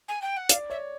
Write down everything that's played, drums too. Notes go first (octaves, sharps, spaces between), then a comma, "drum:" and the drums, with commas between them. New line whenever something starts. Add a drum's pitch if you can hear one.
G#5
G5
F#5
D5 F5, drum: hi-hat
C#5 E5